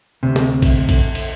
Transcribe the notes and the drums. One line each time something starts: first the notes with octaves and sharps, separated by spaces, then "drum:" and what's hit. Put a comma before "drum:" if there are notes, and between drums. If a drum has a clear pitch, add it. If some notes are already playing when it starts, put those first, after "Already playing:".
D2 C3
drum: snare
drum: kick A#1, cymbal
drum: kick A#1, cymbal
drum: cymbal